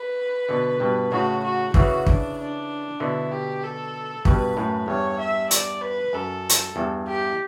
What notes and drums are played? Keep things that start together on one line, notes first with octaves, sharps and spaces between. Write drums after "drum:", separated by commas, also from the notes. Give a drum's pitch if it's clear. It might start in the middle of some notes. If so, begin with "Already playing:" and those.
Already playing: B4
B2 D3
G2 B2
A2 C#3 F#4
F#4
C#3 E3 F#4, drum: kick
D4, drum: kick
D4
B2 D3 E4
G4
A4
G2 B2 B4, drum: kick
F#2 A2
E2 G2 C#5
E5
D5, drum: hi-hat
B4
F#2 A4
drum: hi-hat
E2 G2
G4